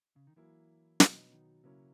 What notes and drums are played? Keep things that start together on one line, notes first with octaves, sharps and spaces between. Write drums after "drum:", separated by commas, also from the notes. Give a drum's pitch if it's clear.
C#3
D#3
E3 F#3 A#3 E4
B2 F#3 B3 D#4, drum: snare
D#3
C#3 F#3 A#3 C#4 E4